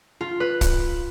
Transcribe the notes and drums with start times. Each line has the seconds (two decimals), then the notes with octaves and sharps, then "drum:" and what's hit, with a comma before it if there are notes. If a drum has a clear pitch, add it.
0.21 F4
0.40 B4
0.61 drum: kick, hi-hat